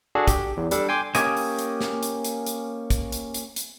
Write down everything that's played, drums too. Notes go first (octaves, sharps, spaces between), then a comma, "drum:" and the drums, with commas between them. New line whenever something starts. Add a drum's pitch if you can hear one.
D4 F#4 G#4 A4
G4, drum: kick, hi-hat
E2
G3 D4 A4, drum: hi-hat
G5 G#5 C6 D6
A#3 C#4 G4 D#5 G#5, drum: hi-hat
drum: open hi-hat
drum: hi-hat
drum: snare
drum: hi-hat
drum: hi-hat
drum: hi-hat
drum: kick, hi-hat
drum: hi-hat
drum: hi-hat
drum: hi-hat